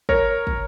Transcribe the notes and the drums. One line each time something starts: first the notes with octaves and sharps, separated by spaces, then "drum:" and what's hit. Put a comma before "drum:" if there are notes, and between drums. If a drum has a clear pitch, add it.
A#4 C#5, drum: kick
drum: kick